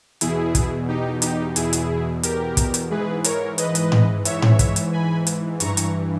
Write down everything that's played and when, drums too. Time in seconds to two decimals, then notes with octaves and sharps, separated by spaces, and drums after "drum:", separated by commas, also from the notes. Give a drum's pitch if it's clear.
0.21 E2 B2 E4 G#4, drum: hi-hat
0.55 drum: kick, hi-hat
0.88 D#4 G4
1.22 D#4 G4, drum: hi-hat
1.56 E2 B2 E4 G#4, drum: hi-hat
1.73 drum: hi-hat
2.23 G4 A#4, drum: hi-hat
2.57 drum: kick, hi-hat
2.74 drum: hi-hat
2.91 G#2 E3 G#4 B4
3.24 A#4 C#5, drum: hi-hat
3.58 B4 D#5, drum: hi-hat
3.75 drum: hi-hat
3.92 drum: tom G#2
4.25 G#2 E3 C#5 E5, drum: hi-hat
4.42 drum: tom G#2
4.59 drum: kick, hi-hat
4.76 drum: hi-hat
4.93 G#5 B5
5.27 drum: hi-hat
5.60 G2 E3 A#5 C#6, drum: hi-hat
5.77 drum: hi-hat